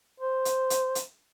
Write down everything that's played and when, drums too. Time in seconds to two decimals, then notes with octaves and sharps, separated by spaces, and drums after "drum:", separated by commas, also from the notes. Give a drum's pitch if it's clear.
0.20 C5
0.45 drum: hi-hat
0.70 drum: hi-hat
0.95 drum: hi-hat